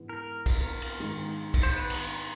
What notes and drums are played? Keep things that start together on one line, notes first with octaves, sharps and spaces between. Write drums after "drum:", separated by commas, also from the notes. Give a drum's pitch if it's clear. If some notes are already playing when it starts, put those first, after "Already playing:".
Already playing: G#2 E3 G#3 B3
A#4
drum: kick, cymbal
drum: cymbal
G#2 D#3 G#3
drum: kick, cymbal
C5
B4
drum: cymbal